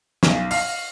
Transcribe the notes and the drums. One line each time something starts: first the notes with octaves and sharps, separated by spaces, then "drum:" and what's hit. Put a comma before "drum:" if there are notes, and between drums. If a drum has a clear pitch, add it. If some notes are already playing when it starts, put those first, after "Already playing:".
B1, drum: snare
F5, drum: open hi-hat